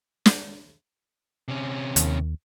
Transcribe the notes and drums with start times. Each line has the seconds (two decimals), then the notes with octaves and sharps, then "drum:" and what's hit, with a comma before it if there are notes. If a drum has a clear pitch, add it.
0.26 drum: snare
1.48 C3 C#4
1.96 D#2, drum: hi-hat